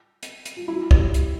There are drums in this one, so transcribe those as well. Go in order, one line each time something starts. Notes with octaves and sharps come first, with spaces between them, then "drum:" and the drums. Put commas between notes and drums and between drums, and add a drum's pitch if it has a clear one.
drum: hi-hat
drum: hi-hat
F4
E4
G4, drum: kick
drum: hi-hat